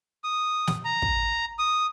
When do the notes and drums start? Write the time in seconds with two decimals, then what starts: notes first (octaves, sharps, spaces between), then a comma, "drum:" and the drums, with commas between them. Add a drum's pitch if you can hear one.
0.24 D#6
0.67 drum: snare
0.85 A#5
1.02 drum: kick
1.59 D#6